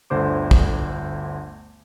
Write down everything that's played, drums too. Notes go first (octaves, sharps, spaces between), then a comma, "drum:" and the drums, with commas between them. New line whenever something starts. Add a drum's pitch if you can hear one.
G1 D2 D3 C5 D6
drum: kick